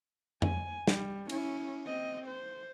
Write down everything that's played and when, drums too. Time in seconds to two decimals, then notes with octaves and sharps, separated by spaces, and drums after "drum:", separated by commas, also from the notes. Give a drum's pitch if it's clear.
0.42 G#5, drum: tom F2
0.87 G3, drum: snare
1.29 C#4 E4, drum: cymbal
1.85 C4 D#5
2.27 C5